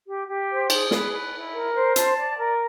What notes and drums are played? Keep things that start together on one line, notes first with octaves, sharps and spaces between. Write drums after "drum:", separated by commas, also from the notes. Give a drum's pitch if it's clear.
G4
G4
C5
G#4, drum: cymbal
B4, drum: snare
B4
E4
A#4
C5
A5, drum: hi-hat
D5
A#4